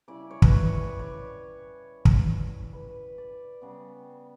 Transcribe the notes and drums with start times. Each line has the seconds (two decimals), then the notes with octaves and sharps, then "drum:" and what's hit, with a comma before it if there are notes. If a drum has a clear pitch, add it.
0.08 C#3 G3 C#4 E4 D5
0.31 C#5
0.42 B4, drum: kick
0.52 C#5
0.75 C#5
0.87 D5
0.99 C#5
2.05 drum: kick
2.73 B4
3.18 D5
3.61 C#3 G3 B3